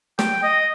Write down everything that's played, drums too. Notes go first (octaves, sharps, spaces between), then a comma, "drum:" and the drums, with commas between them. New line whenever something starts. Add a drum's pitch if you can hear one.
G5, drum: snare
D#5